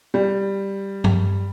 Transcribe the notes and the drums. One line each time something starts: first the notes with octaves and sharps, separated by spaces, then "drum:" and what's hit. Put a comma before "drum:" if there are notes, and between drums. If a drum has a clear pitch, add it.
G3
drum: tom G2